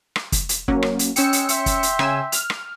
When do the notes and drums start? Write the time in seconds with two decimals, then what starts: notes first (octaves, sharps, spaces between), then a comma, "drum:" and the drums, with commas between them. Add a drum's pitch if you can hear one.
0.16 drum: rim click
0.32 drum: kick, hi-hat
0.49 drum: hi-hat
0.68 F#3 A#3 C#4, drum: kick
0.82 drum: rim click
0.99 drum: hi-hat
1.16 G#3 C#4 G5 E6 C#7, drum: hi-hat
1.33 drum: hi-hat
1.49 E5 G5 C6, drum: hi-hat
1.66 drum: kick, hi-hat
1.83 drum: hi-hat
1.99 C#3 G#5 E6, drum: rim click
2.32 F6, drum: hi-hat
2.50 drum: rim click